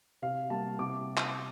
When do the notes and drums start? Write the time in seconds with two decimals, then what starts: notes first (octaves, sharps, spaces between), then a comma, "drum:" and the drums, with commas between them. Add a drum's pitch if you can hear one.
0.22 C3 F5
0.50 G3 A#3 A5
0.79 C3 D6
1.17 drum: clap